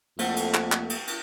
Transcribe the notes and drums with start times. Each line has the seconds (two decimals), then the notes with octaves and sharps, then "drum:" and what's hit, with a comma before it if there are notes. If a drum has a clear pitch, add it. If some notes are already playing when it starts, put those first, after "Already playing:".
0.19 F2 A3 A#3 C5 F#5 G5, drum: cymbal
0.37 drum: cymbal
0.54 drum: clap
0.72 drum: clap
0.90 drum: cymbal
1.07 drum: cymbal